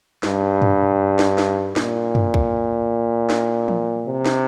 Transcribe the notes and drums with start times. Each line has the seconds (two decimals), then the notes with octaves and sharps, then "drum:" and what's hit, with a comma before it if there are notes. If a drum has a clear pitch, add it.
0.23 G2, drum: snare
0.62 drum: tom F#2
1.19 drum: snare
1.38 drum: snare
1.76 A#2, drum: snare
2.15 drum: tom F#2
2.34 drum: kick
3.30 drum: snare
3.68 drum: tom E3
4.06 C3
4.26 drum: snare